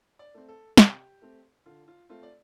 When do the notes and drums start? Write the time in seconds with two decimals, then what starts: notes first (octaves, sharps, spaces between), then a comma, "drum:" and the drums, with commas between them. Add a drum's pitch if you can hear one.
0.19 D5
0.34 A3 C4
0.49 A4
0.77 C3 G4, drum: snare
1.22 A3 C4
1.66 D3 F4
1.88 F4
2.09 A3 C4 F4
2.23 D5